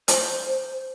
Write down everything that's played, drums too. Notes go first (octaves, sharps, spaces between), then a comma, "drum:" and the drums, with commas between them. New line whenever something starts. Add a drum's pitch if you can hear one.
C5, drum: hi-hat